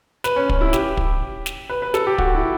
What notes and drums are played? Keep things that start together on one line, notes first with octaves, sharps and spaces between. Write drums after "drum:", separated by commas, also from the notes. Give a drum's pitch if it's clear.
B4, drum: snare
C#4
C#4, drum: kick
E4
G4, drum: snare
drum: kick
drum: snare
B4
B4
A4, drum: snare
G4
F#4, drum: kick
E4